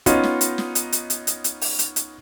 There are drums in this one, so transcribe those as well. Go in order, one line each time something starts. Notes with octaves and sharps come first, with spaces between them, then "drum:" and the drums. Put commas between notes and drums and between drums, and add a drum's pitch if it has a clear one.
B3 C#4 D#4 F4, drum: kick, hi-hat
drum: snare
drum: hi-hat
drum: snare
drum: hi-hat
drum: hi-hat
drum: hi-hat
drum: hi-hat
drum: hi-hat
drum: open hi-hat
drum: hi-hat
drum: hi-hat